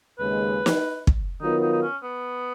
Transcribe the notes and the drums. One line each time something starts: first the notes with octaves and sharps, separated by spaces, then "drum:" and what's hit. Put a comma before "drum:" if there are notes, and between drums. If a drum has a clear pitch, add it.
D#2 C#3 G#3 B4
drum: snare
drum: kick
D#3 F#3 B3 D#4 F4 A#4
D#4
D#4
C#4
B3